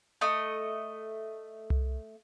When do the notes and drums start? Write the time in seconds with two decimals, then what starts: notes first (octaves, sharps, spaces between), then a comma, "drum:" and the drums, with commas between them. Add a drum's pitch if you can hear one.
0.21 A3 D#5
1.70 drum: tom C2